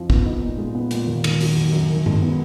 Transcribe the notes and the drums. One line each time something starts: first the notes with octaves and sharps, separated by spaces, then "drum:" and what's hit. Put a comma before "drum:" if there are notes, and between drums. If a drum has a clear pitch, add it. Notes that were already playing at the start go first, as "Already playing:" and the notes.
Already playing: F2 F3
B3, drum: kick
D#4
A#2
G#3
B3
A#2, drum: hi-hat
D#2
D#3, drum: cymbal
F#3, drum: open hi-hat
D#2
F#2
D#3
G#3, drum: tom G2
B3